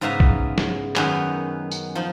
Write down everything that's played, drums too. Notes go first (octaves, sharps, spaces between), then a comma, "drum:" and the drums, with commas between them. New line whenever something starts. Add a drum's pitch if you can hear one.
G#2 C#3 B3 E5 F5 A#5
drum: kick B1
drum: snare
F#2 D#3 B3 C#4, drum: clap
drum: tambourine
F3 D#4